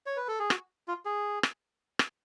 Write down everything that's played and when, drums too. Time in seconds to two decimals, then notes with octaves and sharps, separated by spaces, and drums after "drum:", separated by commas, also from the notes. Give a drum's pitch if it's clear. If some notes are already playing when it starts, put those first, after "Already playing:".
0.06 C#5
0.17 B4
0.28 A4
0.40 G#4
0.50 F#4, drum: rim click
0.88 F4
1.05 G#4
1.43 drum: rim click
1.99 drum: rim click